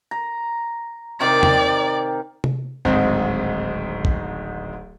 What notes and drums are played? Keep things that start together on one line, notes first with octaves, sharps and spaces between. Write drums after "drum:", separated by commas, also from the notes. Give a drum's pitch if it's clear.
A#5
C3 D#3 A#4 D5
drum: tom
drum: tom C3
D1 G#1 G#2 C4 D#4
drum: kick